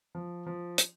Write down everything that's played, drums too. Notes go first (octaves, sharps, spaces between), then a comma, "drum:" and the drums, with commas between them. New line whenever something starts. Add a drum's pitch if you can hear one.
F3
F3
drum: hi-hat